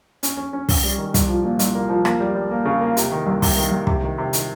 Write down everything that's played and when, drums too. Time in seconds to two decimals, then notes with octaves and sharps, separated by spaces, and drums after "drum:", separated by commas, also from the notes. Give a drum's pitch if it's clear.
0.23 C#4, drum: hi-hat
0.37 C#4
0.53 C#4
0.69 C#4, drum: kick, open hi-hat
0.83 G3
0.98 D#3
1.14 C2, drum: kick, hi-hat
1.29 F3
1.44 A#2
1.59 C2, drum: hi-hat
1.75 A#3
1.89 F3
2.05 A#3, drum: rim click
2.20 G3
2.35 G3
2.51 A#3
2.65 C#3
2.81 A#3
2.97 C3, drum: hi-hat
3.12 D#3
3.27 C2
3.42 C3, drum: kick, open hi-hat
3.57 D#3
3.72 C2
3.87 C3, drum: kick
4.03 D#3
4.18 C3
4.33 D#3, drum: hi-hat